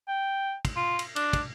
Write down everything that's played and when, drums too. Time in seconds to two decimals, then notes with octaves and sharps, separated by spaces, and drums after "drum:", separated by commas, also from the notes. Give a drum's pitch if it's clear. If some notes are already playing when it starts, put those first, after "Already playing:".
0.09 G5
0.65 drum: kick, cymbal
0.76 F4
0.99 drum: cymbal
1.16 D4, drum: cymbal
1.33 drum: kick, cymbal